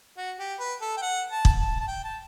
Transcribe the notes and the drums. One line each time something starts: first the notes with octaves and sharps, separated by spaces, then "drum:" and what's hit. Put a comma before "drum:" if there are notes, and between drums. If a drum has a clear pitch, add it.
F#4
G4
B4
A4
G5
F#5
A5
drum: kick
A5
A5
G5
A5